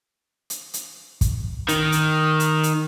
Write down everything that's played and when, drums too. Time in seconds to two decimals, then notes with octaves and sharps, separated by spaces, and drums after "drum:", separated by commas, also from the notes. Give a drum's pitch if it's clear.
0.50 drum: hi-hat
0.74 drum: hi-hat
1.21 drum: kick, hi-hat
1.69 D#3, drum: hi-hat
1.92 drum: hi-hat
2.40 drum: hi-hat
2.63 drum: hi-hat